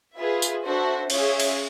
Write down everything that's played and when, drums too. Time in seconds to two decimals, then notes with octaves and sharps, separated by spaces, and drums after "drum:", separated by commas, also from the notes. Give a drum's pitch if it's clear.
0.17 F4 G#4 B4 E5
0.42 drum: tambourine
0.63 D4 F#4 A4 C5 E5
1.10 C#4 F4 G#4 C#5 E5, drum: cymbal
1.40 drum: cymbal